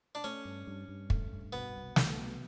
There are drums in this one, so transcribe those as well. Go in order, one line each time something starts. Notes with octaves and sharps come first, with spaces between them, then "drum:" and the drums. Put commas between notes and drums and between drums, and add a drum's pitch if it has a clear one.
D4
A3 C#4
G2
G2
G2
A3, drum: kick
G2
B2 B3
C2
C2, drum: snare
B2